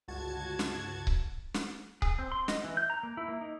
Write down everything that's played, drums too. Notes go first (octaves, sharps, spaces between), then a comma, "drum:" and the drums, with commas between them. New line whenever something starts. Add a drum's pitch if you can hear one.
G1 C#2 F#4 A5 G#6
drum: snare
drum: kick C#1
drum: snare
G#4, drum: kick C#1
C4
C6
D#5, drum: snare
E3
G6
A#5
A#3
E4
A#3
D#4